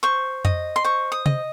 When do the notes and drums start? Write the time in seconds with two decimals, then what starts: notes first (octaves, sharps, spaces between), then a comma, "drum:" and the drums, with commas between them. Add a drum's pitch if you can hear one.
0.03 C5 C#6
0.45 D#5, drum: tom F2
0.76 C6
0.84 C5 C#6
1.12 D#6
1.26 D#5, drum: tom C3